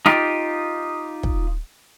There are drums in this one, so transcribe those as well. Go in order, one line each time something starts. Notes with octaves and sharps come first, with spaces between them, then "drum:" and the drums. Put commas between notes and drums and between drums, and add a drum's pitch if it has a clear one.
D#4 F4 G4, drum: snare
drum: kick